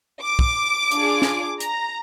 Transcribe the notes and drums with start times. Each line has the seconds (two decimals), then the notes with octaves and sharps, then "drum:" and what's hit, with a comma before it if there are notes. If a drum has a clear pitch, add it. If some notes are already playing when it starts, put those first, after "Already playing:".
0.22 D6
0.39 drum: kick
0.91 D4 F4 G#4, drum: hi-hat
1.22 drum: snare
1.60 A#5, drum: hi-hat